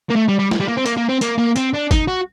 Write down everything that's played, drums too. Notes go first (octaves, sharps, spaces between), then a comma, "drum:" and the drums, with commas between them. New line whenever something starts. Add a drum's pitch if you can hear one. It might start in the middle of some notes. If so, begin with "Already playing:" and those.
A#3
A3
G3
G3
drum: snare
G3
A#3
C4
A#3, drum: hi-hat
A#3
C4
A#3, drum: hi-hat
A#3
C4, drum: hi-hat
D4
D#4, drum: kick G1, hi-hat
F#4